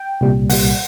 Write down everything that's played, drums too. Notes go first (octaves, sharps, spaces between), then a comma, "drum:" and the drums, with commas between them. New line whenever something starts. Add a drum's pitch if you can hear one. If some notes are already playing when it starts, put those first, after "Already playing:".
Already playing: G5
C2 A#2 G3
C2 A#2 G3 F#5, drum: open hi-hat